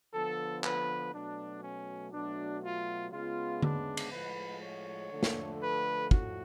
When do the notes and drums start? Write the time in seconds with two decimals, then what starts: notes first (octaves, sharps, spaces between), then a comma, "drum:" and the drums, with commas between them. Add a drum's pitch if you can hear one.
0.14 D3 F3 B3 A4
0.64 B4, drum: clap
1.13 B2 F#3 A3 D4
1.63 C#4
2.13 B2 F#3 A3 D4
2.62 F4
3.12 C#3 G#3 B3 F4
3.62 D4, drum: tom D3
3.97 drum: cymbal
4.12 A2 F3 G#3 B4
4.62 C#5
5.12 D3 F3 A3
5.23 drum: snare
5.62 B4
6.11 A2 F3 A3 F#4, drum: kick